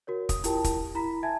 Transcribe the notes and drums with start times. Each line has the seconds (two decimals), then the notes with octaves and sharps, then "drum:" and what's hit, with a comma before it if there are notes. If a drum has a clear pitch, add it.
0.07 F#4 A#4 C#5
0.29 D#6, drum: kick, hi-hat
0.44 E4 F4 G4 A#4 G5 A5, drum: hi-hat
0.64 drum: kick, hi-hat
0.95 E4 A#5 B5 B6
1.23 E5 G#5 A5 G#6